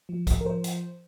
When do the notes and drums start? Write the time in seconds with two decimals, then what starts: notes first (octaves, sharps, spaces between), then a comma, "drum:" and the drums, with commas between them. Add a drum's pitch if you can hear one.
0.09 F3
0.27 drum: kick, hi-hat
0.41 A#4
0.45 F3 C5
0.64 drum: hi-hat